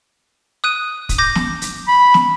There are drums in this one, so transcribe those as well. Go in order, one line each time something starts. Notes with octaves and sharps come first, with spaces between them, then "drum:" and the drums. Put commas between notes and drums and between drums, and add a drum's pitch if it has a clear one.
D#6 F#6 D#7
drum: kick, hi-hat
D6 G6 A#6
drum: snare
drum: hi-hat
B5
drum: snare